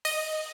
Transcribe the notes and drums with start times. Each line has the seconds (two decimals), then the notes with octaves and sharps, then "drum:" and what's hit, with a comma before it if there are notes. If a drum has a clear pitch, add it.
0.05 D#5, drum: open hi-hat